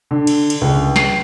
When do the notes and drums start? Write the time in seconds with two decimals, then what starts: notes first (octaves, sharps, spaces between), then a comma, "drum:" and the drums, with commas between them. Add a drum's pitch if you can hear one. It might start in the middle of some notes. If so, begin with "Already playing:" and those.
0.11 D3
0.27 drum: cymbal
0.50 drum: cymbal
0.61 C#2
0.96 C7, drum: snare